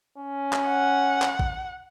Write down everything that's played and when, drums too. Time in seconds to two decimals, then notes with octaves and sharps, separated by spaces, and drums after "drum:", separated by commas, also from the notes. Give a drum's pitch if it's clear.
0.18 C#4
0.53 drum: clap
0.67 F#5
1.22 drum: clap
1.39 drum: kick A1